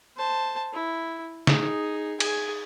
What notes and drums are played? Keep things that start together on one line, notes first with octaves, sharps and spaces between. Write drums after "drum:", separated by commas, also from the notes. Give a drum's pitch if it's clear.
C5 A5
E4
D#4 G#4, drum: snare
G#4 G#5, drum: cymbal